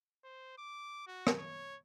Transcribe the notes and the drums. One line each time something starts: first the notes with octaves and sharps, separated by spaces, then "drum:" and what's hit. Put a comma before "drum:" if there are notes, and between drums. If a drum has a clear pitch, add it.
C5
D6
F#4
drum: rim click
C#5